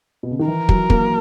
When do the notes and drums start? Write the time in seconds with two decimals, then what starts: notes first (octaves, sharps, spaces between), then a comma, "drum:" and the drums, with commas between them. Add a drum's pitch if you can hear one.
0.23 B2
0.31 C#3
0.39 D#3
0.48 E3 A#4
0.69 F#3, drum: kick
0.90 A#3, drum: kick